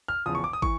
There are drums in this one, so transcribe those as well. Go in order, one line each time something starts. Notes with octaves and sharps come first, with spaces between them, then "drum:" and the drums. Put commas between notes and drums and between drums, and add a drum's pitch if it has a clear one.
F6
E2 C#3 F3 D#6
C#6
D6
D#6
E3 C#6, drum: kick